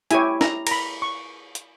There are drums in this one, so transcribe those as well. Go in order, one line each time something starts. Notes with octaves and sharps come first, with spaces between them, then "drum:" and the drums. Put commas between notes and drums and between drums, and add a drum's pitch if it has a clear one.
E4 G4 C#5 G#5, drum: hi-hat
A#5, drum: snare
A#5, drum: cymbal
B5
C#6
drum: hi-hat